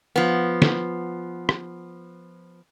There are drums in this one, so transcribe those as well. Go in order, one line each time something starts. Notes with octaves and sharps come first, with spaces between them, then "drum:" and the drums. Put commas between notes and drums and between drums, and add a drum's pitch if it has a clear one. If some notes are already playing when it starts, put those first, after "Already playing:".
F3 B3
drum: snare
drum: rim click